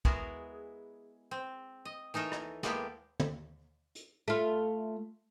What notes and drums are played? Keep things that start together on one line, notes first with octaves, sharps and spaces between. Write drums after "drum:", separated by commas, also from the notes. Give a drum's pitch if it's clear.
G#3 B3 E4 F#4 G#4 A#4, drum: kick
C4
D#5
E3 D#4 A4 A#4 C#5
drum: rim click
G#3 A#3 B3 E4 G4 A4, drum: snare
drum: tom
drum: hi-hat
A3 F4